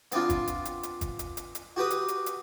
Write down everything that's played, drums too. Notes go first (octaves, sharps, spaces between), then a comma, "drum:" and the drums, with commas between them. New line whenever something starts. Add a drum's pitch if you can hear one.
B3 C4 D4 F4, drum: hi-hat
drum: kick, hi-hat
drum: hi-hat
drum: hi-hat
drum: hi-hat
drum: kick, hi-hat
drum: hi-hat
drum: hi-hat
drum: hi-hat
F#4 G4 B4 D#6
drum: hi-hat
drum: hi-hat
drum: hi-hat